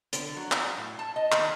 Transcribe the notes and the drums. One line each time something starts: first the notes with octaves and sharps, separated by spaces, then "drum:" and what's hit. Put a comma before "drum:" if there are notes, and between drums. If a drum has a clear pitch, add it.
D3, drum: hi-hat
F#3
drum: clap
A2
A5
D#5
D#3, drum: clap